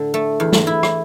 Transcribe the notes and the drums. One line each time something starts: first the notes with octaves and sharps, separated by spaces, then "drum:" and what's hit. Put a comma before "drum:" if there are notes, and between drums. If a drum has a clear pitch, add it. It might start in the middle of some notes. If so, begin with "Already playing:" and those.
Already playing: A2 D3
A3
E2
drum: snare
E4
drum: rim click